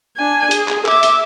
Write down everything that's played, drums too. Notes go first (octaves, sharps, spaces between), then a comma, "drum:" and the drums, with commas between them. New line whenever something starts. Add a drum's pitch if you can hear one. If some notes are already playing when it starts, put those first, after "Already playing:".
D4 G#5
G#4, drum: hi-hat
drum: clap
E5 D6, drum: clap
drum: hi-hat